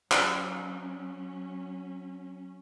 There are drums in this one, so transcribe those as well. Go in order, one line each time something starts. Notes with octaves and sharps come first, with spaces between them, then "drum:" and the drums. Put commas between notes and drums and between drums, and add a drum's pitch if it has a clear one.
F#3 C#4, drum: clap